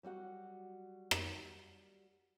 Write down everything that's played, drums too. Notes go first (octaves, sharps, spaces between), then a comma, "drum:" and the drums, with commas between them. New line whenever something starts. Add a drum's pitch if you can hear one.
F#3 G3 F#4 F#5
drum: rim click